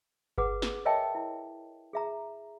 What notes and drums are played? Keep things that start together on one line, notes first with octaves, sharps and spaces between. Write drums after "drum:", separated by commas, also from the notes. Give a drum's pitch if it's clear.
G#4 B4 F#5 D6, drum: kick G1
G#4, drum: snare
A#4 C#5 D#5 E5 G5 A5
E4
G#4 E5 A#5